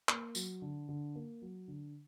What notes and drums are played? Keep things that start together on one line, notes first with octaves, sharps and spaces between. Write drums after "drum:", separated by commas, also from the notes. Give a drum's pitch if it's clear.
A#3, drum: clap
F#3, drum: tambourine
D3
D3
A#3
F#3
D3